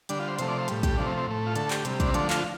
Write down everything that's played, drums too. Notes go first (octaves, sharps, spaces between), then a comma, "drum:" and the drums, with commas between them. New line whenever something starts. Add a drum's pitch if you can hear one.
D3 G3 D4, drum: hi-hat
F4
C5
C3 F3 A3 C5, drum: hi-hat
D5
C5
A2 G3, drum: hi-hat
G4, drum: kick, hi-hat
C3 F3 A3 D4
C4
C4
A2 A3
F4
D3 A3 A4, drum: hi-hat
G4, drum: clap
C3 G3, drum: hi-hat
D4, drum: kick, hi-hat
C4
D3 F3 A3 D4, drum: hi-hat
F4, drum: clap